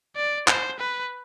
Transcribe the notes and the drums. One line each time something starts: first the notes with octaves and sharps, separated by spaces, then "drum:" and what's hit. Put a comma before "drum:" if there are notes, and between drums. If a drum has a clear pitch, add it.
D5
C5, drum: clap
B4